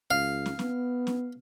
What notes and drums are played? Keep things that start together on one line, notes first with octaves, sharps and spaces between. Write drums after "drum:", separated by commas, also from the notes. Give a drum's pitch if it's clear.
C#2 F5
drum: snare
B3, drum: snare
drum: snare